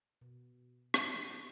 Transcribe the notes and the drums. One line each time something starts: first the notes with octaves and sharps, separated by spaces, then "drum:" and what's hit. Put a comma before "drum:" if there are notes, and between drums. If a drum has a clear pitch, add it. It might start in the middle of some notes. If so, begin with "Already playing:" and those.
B2
drum: rim click